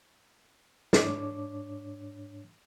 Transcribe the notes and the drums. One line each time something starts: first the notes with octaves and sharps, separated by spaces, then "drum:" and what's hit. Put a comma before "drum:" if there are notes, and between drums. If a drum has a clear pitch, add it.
G#2 D4 C#5 D6, drum: snare